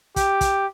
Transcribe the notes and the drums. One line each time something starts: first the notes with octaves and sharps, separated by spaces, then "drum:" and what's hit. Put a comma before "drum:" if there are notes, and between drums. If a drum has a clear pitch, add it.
G4, drum: kick, hi-hat
drum: kick, hi-hat